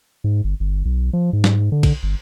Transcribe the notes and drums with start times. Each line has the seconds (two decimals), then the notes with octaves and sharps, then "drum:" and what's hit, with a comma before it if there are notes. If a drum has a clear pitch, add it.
0.24 G#2
0.44 G1
0.60 G1
0.85 B1
1.13 F3
1.33 G#2
1.44 drum: snare
1.72 D3
1.83 drum: kick, cymbal
2.03 G1